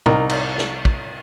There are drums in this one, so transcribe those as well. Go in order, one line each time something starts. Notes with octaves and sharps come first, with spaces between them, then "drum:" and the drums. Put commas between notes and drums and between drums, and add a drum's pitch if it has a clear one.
C2 D#4 A#4, drum: tom A2
drum: cymbal
drum: snare
drum: kick